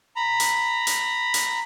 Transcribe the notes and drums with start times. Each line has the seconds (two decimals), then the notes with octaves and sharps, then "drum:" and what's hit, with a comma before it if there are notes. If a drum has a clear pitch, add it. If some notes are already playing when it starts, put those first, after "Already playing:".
0.16 A#5 B5
0.40 drum: hi-hat
0.87 drum: hi-hat
1.34 drum: hi-hat